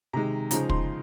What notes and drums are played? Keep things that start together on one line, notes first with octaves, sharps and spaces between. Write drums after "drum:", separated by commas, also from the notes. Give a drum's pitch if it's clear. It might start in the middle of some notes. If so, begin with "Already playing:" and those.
C3 D#3 G#3 A#5
C#3 F3 G#3 D#4 A#5, drum: hi-hat
C6, drum: kick